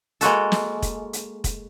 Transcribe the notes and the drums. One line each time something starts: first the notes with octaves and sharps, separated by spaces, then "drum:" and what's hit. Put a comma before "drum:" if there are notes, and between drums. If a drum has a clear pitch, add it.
G#3 A#3 F#4 A4, drum: hi-hat
drum: snare
drum: kick, hi-hat
drum: hi-hat
drum: kick, hi-hat